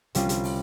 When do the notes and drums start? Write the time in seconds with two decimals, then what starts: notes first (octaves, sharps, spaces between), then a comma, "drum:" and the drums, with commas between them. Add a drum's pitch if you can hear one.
0.15 C2 C3 G3 C#4 F4, drum: hi-hat
0.29 drum: hi-hat
0.44 drum: open hi-hat